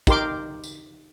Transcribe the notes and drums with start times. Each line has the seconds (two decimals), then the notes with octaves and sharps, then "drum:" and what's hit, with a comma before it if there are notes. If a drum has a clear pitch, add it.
0.07 D#4 G4 A#4 C6 D6, drum: kick, tambourine
0.64 drum: tambourine